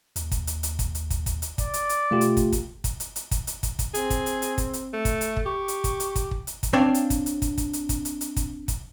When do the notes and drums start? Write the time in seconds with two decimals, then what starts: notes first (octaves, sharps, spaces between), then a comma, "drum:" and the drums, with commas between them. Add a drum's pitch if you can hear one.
0.16 D#2, drum: hi-hat
0.32 drum: kick, hi-hat
0.47 drum: hi-hat
0.63 drum: hi-hat
0.79 drum: kick, hi-hat
0.95 drum: hi-hat
1.10 drum: kick, hi-hat
1.26 drum: kick, hi-hat
1.42 drum: hi-hat
1.58 D5, drum: kick, hi-hat
1.74 drum: hi-hat
1.89 drum: hi-hat
2.11 B2 A3 F4 G4
2.21 drum: hi-hat
2.37 drum: kick, hi-hat
2.52 drum: kick, hi-hat
2.84 drum: kick, hi-hat
3.00 drum: hi-hat
3.16 drum: hi-hat
3.31 drum: kick, hi-hat
3.47 drum: hi-hat
3.63 drum: kick, hi-hat
3.79 drum: kick, hi-hat
3.94 C4 G#4, drum: hi-hat
4.10 drum: kick, hi-hat
4.26 drum: hi-hat
4.42 drum: hi-hat
4.58 drum: kick, hi-hat
4.73 drum: hi-hat
4.94 A3
5.05 drum: kick, hi-hat
5.21 drum: hi-hat
5.37 drum: kick
5.46 G4 C#6
5.68 drum: hi-hat
5.84 drum: kick, hi-hat
6.00 drum: hi-hat
6.16 drum: kick, hi-hat
6.31 drum: kick
6.47 drum: hi-hat
6.63 drum: kick, hi-hat
6.73 C4 D4 C#5 D5 F5
6.94 drum: hi-hat
7.10 drum: kick, hi-hat
7.26 drum: hi-hat
7.42 drum: kick, hi-hat
7.58 drum: kick, hi-hat
7.73 drum: hi-hat
7.89 drum: kick, hi-hat
8.05 drum: hi-hat
8.21 drum: hi-hat
8.36 drum: kick, hi-hat
8.68 drum: kick, hi-hat